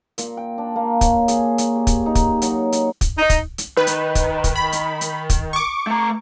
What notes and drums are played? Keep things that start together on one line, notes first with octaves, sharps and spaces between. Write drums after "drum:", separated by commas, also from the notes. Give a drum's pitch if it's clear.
A#2, drum: hi-hat
G5
D4
A#3
C#5, drum: kick, hi-hat
G#4, drum: hi-hat
drum: hi-hat
G4
drum: kick, hi-hat
D#4
drum: kick, hi-hat
F#3, drum: hi-hat
drum: hi-hat
drum: kick, hi-hat
D#4
drum: kick, hi-hat
drum: hi-hat
D#3 B4
drum: hi-hat
drum: kick, hi-hat
drum: kick, hi-hat
B5
drum: hi-hat
drum: hi-hat
drum: kick, hi-hat
C#6 D6
A3 A#5